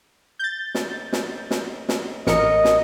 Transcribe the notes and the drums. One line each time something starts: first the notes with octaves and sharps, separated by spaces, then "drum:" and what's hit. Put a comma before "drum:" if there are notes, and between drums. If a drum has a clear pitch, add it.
G6 A6
drum: snare
drum: snare
drum: snare
drum: snare
A1 A#4 D#5 C#7, drum: snare
drum: snare